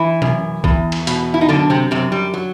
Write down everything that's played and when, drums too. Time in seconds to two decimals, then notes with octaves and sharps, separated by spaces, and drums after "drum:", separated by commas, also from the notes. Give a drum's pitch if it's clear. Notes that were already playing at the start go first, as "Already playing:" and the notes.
Already playing: E3 E4
0.22 F#2, drum: tom B2
0.64 E2, drum: kick
0.92 drum: cymbal
1.07 B2, drum: hi-hat
1.34 E4
1.41 D#4
1.49 F#2 D3 D4
1.70 C3 C4
1.91 F#2 C3 C4
2.12 G3
2.34 F#3